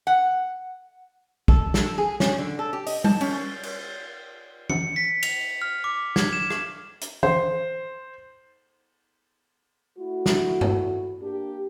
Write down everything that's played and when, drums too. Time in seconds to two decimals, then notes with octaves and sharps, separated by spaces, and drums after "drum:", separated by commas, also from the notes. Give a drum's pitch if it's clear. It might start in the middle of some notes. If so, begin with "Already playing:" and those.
0.07 F#5
1.48 A4, drum: kick
1.74 A4, drum: snare
1.98 G#4
2.20 C#4, drum: snare
2.38 D3
2.59 A4
2.73 G4
2.86 D#5, drum: open hi-hat
3.04 A5, drum: tom G3
3.21 C#4, drum: cymbal
3.63 drum: cymbal
4.70 C#7, drum: tom E3
4.96 B6
5.23 F7, drum: cymbal
5.62 F6
5.84 D6
6.16 G#6, drum: snare
6.33 E7
6.50 drum: rim click
7.01 drum: hi-hat
7.23 C5, drum: tom E3
9.98 A3 E4 F#4
10.26 drum: snare
10.61 drum: tom G2
11.21 A#3 D4 G4